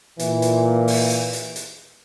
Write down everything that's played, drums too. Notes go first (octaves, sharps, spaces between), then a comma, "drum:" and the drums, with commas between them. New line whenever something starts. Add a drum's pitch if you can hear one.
A#2 E3, drum: hi-hat
drum: hi-hat
drum: open hi-hat
drum: hi-hat
drum: hi-hat
drum: hi-hat